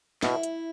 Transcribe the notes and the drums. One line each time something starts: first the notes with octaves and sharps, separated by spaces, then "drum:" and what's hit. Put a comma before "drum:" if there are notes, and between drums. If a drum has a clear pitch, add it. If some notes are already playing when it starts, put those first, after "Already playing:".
B2 E4, drum: snare
drum: hi-hat